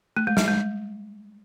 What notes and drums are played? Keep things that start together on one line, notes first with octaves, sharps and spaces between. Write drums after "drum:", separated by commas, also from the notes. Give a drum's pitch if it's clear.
A3
G#3
G3, drum: snare
G#3